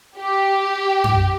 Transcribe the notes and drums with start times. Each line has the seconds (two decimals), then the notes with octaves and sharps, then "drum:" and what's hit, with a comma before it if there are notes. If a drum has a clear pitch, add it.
0.17 G4
1.04 drum: tom F#2